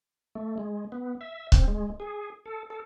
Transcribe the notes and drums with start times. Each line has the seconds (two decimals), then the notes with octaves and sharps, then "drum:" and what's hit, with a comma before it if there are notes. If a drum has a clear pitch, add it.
0.35 A3
0.58 G#3
0.92 B3
1.21 E5
1.52 C4, drum: kick C#1
1.68 G#3
2.00 G#4
2.46 A4
2.70 A4